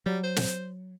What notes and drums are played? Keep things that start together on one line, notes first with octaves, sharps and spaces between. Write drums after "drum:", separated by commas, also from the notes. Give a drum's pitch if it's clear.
F#3 G3
C5
drum: snare